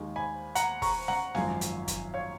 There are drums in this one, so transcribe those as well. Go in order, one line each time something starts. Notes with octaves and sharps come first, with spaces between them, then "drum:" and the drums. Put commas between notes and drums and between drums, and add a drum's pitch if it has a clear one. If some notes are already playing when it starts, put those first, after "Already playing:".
Already playing: D#2 D#3 G#3
G#5 B5
F#5 A#5, drum: hi-hat
A#5 C#6, drum: kick, open hi-hat
F#5 A#5, drum: snare
G#1 F#2 F3 G#3 F5 G#5, drum: snare
drum: hi-hat
drum: kick, hi-hat
C#5 F5